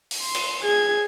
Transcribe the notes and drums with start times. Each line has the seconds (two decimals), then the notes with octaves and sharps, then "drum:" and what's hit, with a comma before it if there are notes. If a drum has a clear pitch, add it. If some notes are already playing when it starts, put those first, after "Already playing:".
0.11 drum: open hi-hat
0.23 C6
0.35 drum: cymbal
0.63 G#4 G#6